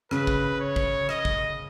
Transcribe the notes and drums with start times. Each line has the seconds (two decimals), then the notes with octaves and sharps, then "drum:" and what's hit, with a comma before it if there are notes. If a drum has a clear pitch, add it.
0.11 C#3 B4, drum: rim click
0.27 drum: kick
0.61 C#5
0.76 drum: kick
1.09 D#5, drum: rim click
1.25 drum: kick